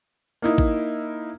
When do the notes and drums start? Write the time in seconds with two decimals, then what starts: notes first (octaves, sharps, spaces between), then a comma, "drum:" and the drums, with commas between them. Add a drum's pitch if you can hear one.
0.42 A#3 D#4 E4
0.58 drum: kick